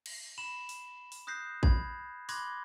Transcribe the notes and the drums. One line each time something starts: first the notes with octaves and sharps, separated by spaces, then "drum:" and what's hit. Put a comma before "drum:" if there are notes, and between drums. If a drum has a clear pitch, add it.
drum: cymbal
B5 E7 F#7
drum: open hi-hat
drum: open hi-hat
D#6 F#6 G6 A#6 C7
B5 G#6, drum: kick A1
B5 C6 D6 F#6 G#6 A#6, drum: open hi-hat